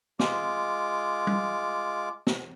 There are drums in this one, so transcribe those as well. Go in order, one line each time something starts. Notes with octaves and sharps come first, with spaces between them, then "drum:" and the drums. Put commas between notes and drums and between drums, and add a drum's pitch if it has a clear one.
G#3 F4 D6, drum: snare
drum: tom G3
drum: snare